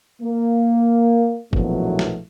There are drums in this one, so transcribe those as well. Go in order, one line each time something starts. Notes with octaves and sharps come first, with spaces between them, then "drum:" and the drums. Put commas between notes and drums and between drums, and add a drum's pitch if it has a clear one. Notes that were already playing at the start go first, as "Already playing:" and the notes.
A#3
A#1 E2 B2 F#3 A3 A#3, drum: kick F#1
drum: snare